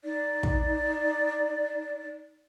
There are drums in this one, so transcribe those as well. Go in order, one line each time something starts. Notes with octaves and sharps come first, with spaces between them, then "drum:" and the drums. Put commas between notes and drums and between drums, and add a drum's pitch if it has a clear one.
D#4 D5
drum: kick